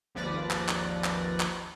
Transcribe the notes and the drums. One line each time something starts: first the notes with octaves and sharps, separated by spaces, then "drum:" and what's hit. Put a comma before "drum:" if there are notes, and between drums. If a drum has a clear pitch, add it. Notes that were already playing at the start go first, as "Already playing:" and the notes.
G#1 D#2 F3 B4 D5 A#6
drum: clap
drum: clap
drum: clap
drum: clap